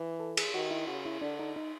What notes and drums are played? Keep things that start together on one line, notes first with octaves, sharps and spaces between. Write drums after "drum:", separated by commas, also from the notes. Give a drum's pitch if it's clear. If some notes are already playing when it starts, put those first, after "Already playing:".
Already playing: E3
A4
G#4, drum: cymbal
D#3 F#4
E4
C#3 F#4
E4
D3 D4
D#4
D#4